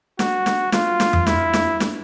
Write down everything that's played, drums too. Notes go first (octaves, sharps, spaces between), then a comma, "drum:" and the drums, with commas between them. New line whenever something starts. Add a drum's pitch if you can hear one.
F#4, drum: snare
drum: snare
F4, drum: snare
drum: snare
drum: tom F2
E4, drum: snare
drum: snare
drum: snare